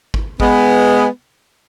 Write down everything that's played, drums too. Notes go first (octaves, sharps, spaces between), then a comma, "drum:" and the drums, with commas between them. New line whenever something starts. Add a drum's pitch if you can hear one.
drum: kick G#1
G#3 B3, drum: kick G#1